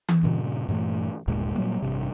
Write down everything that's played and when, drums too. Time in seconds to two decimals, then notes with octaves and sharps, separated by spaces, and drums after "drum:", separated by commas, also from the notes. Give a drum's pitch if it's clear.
0.08 drum: tom E3
0.23 G2 A#2 C#3
0.68 G2 A#2 E3 A3
1.28 G1 D#2 A#2 G#3
1.55 A#2 F#3 G3 A#3
1.82 A1 G2 C3